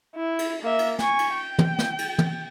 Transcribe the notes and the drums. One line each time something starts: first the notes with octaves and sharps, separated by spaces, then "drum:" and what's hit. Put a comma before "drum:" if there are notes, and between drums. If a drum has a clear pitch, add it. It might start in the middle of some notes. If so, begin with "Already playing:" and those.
E4
drum: cymbal
A#3 E5
drum: cymbal
G#5 C#6, drum: snare
drum: cymbal
G5
drum: tom
drum: snare
drum: cymbal
drum: tom